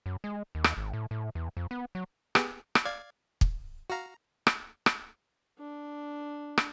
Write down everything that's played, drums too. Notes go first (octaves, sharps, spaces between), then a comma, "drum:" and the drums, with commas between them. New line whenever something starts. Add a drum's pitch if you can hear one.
F#2
G#3
D#2
drum: rim click
G#1
A2
A2
E2
F2
B3
F#3
B3 G4 G#4, drum: rim click
drum: rim click
D5 F5 G#6
drum: kick
F#4 F5 A#5
drum: rim click
drum: rim click
D4
drum: rim click